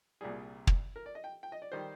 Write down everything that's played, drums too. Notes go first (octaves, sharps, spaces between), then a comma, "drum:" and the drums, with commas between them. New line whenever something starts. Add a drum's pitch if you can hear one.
C2 A#2 G3 G#4
drum: kick
A#4
D5
D#5
G5
G5
D#5
D5
D#3 G3 C5